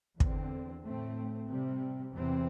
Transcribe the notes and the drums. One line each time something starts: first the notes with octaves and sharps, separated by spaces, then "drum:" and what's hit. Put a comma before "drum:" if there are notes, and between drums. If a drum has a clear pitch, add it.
E2 D3 C4, drum: kick
A2 A3 C4
C3 G3 C4
E2 C3 E3 C4